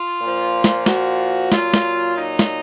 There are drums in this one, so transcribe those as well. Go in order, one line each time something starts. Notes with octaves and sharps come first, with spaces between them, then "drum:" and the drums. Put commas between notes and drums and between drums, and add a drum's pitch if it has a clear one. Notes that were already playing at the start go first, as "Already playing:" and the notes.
Already playing: F4
A#2 F3
drum: snare
F#4, drum: snare
A#2 F#3 F4, drum: snare
drum: snare
D#4
drum: snare